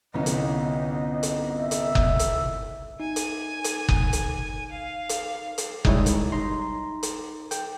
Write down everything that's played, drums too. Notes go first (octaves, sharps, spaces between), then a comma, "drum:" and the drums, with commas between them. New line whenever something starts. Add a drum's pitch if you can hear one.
G1 C2 B3 C#4 D#5
drum: hi-hat
drum: hi-hat
E5
drum: hi-hat
drum: kick F#1
drum: hi-hat
D#4 G#5
drum: hi-hat
drum: hi-hat
drum: kick F#1
drum: hi-hat
F5
drum: hi-hat
drum: hi-hat
G3 G#3 D#4 E4 C#5, drum: kick F#1
drum: hi-hat
D#4 A#5 C6
drum: hi-hat
G5, drum: hi-hat